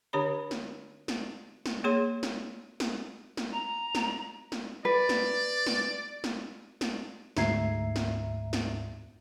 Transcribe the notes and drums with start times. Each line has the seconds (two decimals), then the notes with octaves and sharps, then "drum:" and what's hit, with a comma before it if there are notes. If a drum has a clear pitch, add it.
0.13 D3 D4 G4 C#5 B5
0.51 drum: snare
1.08 drum: snare
1.66 drum: snare
1.84 A#3 G#4 C#5 C6
2.23 drum: snare
2.80 drum: snare
3.37 drum: snare
3.52 A#5
3.95 drum: snare
4.52 drum: snare
4.85 B4 D5
5.09 drum: snare
5.67 drum: snare
6.24 drum: snare
6.81 drum: snare
7.37 D2 G#2 E5 A#5 G#6 C7, drum: snare
7.96 drum: snare
8.53 drum: snare